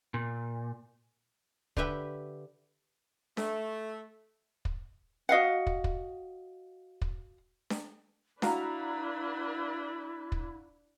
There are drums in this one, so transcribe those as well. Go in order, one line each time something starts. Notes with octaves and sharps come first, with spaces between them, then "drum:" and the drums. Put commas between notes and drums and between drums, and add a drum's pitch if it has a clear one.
A#2
D3 G4 B4 E5 G5, drum: kick
A3, drum: snare D4
drum: kick
F#4 D#5 F5 F#5
drum: kick
drum: kick
drum: kick
drum: snare D4
D4 E4 F#4 B4 F5 A#5, drum: snare D4
drum: kick